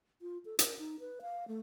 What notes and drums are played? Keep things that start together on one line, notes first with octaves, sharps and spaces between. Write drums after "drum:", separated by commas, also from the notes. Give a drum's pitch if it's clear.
F4
A4
A#4, drum: hi-hat
D#4
B4
F5
A3